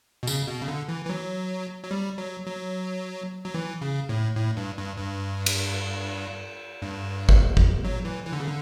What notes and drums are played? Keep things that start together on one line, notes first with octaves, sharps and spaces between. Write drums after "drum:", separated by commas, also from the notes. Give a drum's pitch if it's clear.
B2
C#3, drum: tambourine
B2
C#3
D3
E3
E3
F#3
F#3
G3
F#3
F#3
F#3
E3
C#3
A2
A2
G2
G2
G2
drum: cymbal
G2
drum: kick G#1
drum: kick G#1
F#3
E3
E3
D3
C#3
D3